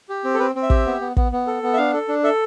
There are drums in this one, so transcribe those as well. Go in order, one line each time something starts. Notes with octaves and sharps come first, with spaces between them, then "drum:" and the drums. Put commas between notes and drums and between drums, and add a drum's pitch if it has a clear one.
G4
C4
A4
C4 B4
C4
E5
G4, drum: kick
B3
B3
B3, drum: kick
B3
A4
B3
E5
D4 F5
A4
D4
A4 E5